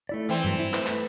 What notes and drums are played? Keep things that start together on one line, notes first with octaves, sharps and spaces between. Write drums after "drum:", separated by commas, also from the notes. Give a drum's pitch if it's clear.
A3 E4 D5
E3 C4
G2 F#3
E4
A3 B4, drum: clap
drum: clap